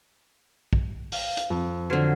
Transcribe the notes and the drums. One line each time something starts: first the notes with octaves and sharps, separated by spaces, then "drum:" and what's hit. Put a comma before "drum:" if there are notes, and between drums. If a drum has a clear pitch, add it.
drum: kick
F5, drum: open hi-hat
drum: hi-hat
F2
D3 F#3 C5 F6 G#6